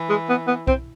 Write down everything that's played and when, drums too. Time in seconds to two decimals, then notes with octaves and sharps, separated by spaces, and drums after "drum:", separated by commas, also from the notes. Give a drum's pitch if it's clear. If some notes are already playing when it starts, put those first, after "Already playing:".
Already playing: E3
0.09 G#3
0.29 B3
0.48 B3
0.67 C4, drum: kick B1